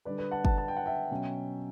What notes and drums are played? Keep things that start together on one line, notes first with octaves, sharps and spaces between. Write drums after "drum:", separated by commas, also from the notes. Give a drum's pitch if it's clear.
D3 G3 D4 B4 D5
B4
F#5 A5
F#5 A5, drum: kick
A5
G5
F#5
E5 G5
B2 F#3 C#4